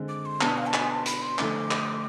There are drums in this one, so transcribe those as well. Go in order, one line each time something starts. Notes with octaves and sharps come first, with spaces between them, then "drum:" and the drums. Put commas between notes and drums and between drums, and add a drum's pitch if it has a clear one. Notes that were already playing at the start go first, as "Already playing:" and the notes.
Already playing: D3 G#3 C4
D6
C6
B2 B3 D4 A5, drum: clap
F5
A5
G#5, drum: clap
A5
B5, drum: hi-hat
C6
D3 F3 A3 D4 D6, drum: clap
drum: clap